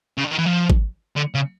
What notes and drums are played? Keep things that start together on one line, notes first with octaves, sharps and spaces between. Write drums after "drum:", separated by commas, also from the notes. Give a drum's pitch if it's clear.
C#3
D3
D#3
E3
F3
drum: kick G#1
D3
C#3